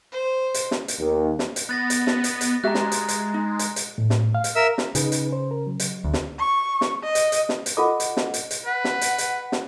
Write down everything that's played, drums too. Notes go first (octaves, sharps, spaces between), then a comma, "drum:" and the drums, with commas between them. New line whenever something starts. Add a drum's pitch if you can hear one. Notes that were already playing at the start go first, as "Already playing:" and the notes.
C5
drum: hi-hat
drum: snare
drum: hi-hat
D#2
drum: snare
drum: hi-hat
B3 F#6 A6 A#6
drum: hi-hat
drum: snare
drum: hi-hat
drum: hi-hat
G#3 F#4 G4 E5 A#5 F#6
drum: snare
drum: hi-hat
drum: hi-hat
D#4
drum: hi-hat
drum: hi-hat
A2
drum: snare
F5
drum: hi-hat
A#4 E5 E6
drum: snare
C#3 D#4 G#4 B4, drum: hi-hat
drum: hi-hat
C5
A#4
F#3
drum: hi-hat
D2
drum: snare
C#6
drum: snare
D#5
drum: hi-hat
drum: hi-hat
drum: snare
drum: hi-hat
F4 A4 D#5 F#5 D6
drum: hi-hat
drum: snare
drum: hi-hat
drum: hi-hat
B4 F#5
drum: snare
drum: hi-hat
drum: hi-hat
drum: snare